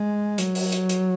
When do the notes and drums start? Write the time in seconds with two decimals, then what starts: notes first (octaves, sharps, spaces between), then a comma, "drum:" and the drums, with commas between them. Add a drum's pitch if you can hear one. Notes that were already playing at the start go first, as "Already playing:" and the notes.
Already playing: G#3
0.38 F#3, drum: hi-hat
0.55 drum: open hi-hat
0.72 drum: hi-hat
0.89 drum: hi-hat